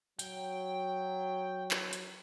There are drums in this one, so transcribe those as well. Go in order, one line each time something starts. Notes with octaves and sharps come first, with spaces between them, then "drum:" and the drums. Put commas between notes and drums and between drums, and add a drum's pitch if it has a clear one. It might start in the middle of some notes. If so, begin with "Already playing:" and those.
F#3 G5, drum: hi-hat
drum: clap
drum: hi-hat